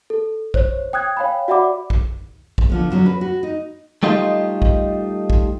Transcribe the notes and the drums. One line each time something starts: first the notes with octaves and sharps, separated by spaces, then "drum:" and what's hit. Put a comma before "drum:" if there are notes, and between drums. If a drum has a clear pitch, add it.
A4
C5 C#5, drum: kick
G5 D#6 F#6 G#6
C#5 F5 G5 G#5 B5
F#4 D5 E5 F#5 B5 D6
drum: kick
drum: kick
D3 F3 B3
D3 F#3 C#4
B4
F#4
D#4
G3 A3 D#4 F4 G4 D#5
drum: kick
drum: kick